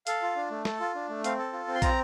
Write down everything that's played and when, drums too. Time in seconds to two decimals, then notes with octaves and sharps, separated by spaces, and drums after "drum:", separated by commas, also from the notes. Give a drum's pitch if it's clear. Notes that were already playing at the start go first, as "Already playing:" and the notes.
0.07 A4 F5, drum: hi-hat
0.22 F4
0.36 D4
0.51 A3
0.65 A4, drum: snare
0.80 F4
0.95 D4
1.09 A3
1.24 C4 F5, drum: hi-hat
1.38 A4
1.53 F4
1.68 C4
1.75 C6
1.82 C4 A#5, drum: kick, hi-hat